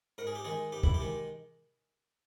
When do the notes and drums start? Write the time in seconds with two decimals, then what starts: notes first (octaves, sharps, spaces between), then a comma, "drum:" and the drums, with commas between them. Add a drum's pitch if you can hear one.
0.18 G#2 A#4
0.27 G#4
0.35 G4
0.45 D#3 G#3 G#4
0.72 G#2 G4
0.84 E4, drum: kick
0.94 G4
1.00 D#3 G#3